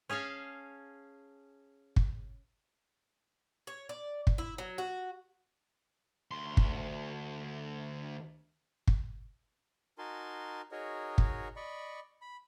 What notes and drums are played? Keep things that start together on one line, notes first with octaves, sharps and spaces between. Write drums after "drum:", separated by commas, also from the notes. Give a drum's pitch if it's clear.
C#4 G#4 C#5 F5 A5
drum: kick
C#5
D5
drum: kick
E4
F#3
F#4
D2 C6
drum: kick
drum: kick
D#4 F#4 A#4 G#5 A5 C6
D#4 F#4 G#4 A#4 C#5 D#5
drum: kick
D5 D#5 B5 C#6
B5